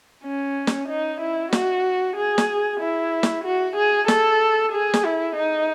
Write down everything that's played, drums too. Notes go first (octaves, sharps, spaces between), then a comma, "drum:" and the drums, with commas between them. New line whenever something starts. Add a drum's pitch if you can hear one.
C#4
drum: snare
D#4
E4
F#4, drum: snare
G#4
drum: snare
E4
drum: snare
F#4
G#4
A4, drum: snare
G#4
drum: snare
E4
D#4